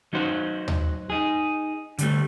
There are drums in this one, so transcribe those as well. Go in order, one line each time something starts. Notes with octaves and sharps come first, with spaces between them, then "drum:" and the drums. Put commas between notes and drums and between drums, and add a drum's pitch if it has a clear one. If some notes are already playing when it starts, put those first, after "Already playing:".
F#3 D#4 F#4 C5
drum: tom D#2
D#4 G#4
D3 G3 A3, drum: hi-hat